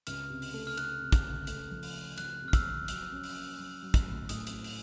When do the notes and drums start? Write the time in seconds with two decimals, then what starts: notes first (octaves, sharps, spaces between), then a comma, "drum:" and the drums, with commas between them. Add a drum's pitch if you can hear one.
0.07 C#2 F6, drum: hi-hat
0.30 C3
0.42 drum: open hi-hat
0.53 A3
0.67 F6
0.77 A3 F#6, drum: hi-hat
1.01 C3
1.12 drum: kick, hi-hat
1.24 C#2
1.47 A3, drum: hi-hat
1.71 F3
1.83 drum: open hi-hat
1.94 A3
2.18 F3 F#6, drum: hi-hat
2.42 C3
2.48 F6
2.53 E6, drum: kick, hi-hat
2.65 F3
2.88 F#3, drum: hi-hat
3.12 C#4
3.24 drum: open hi-hat
3.35 A#3
3.59 F#3
3.82 F#3
3.94 drum: kick, hi-hat
4.06 A2
4.29 A2 D#6, drum: hi-hat
4.47 drum: hi-hat
4.64 drum: open hi-hat